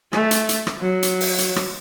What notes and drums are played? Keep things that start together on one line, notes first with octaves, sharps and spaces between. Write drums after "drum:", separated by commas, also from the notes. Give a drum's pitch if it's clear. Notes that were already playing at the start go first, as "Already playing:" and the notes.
A3, drum: rim click
drum: hi-hat
drum: hi-hat
drum: rim click
F#3
drum: hi-hat
drum: open hi-hat
drum: hi-hat
drum: rim click